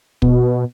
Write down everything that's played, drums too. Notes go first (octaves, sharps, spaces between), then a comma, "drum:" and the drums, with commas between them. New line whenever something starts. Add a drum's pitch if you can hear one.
B2, drum: kick